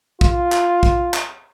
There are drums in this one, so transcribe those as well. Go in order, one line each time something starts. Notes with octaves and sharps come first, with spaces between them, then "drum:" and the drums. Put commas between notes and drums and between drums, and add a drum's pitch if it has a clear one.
F4, drum: kick
drum: clap
drum: kick
drum: clap